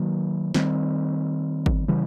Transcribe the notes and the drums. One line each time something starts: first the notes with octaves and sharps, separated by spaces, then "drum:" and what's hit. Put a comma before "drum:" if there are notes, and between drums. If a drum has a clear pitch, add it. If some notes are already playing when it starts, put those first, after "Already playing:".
Already playing: D#3 F#3 A#3
D#3 G3 C4, drum: snare
drum: kick
C#3 E3 G3